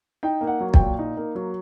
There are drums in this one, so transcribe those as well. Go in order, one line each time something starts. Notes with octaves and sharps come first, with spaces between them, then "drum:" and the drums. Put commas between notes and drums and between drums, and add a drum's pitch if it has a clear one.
D#4 G5
A#3
F#5
F#3
G5, drum: kick
A#2
D#4
A#3
F#3